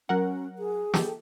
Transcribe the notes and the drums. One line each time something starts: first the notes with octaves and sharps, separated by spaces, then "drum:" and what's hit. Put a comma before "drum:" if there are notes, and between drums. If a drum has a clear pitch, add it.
F#3 C#4 A#4 F#5
G#4
G4 A4, drum: snare